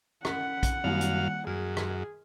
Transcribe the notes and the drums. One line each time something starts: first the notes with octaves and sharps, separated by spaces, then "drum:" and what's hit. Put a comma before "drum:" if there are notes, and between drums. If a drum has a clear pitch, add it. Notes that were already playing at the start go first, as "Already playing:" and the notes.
C#4 F#5 B6, drum: rim click
drum: kick, hi-hat
F#2 D#3 G3 A#3 F5
drum: hi-hat
F#2 G#4 F6
drum: rim click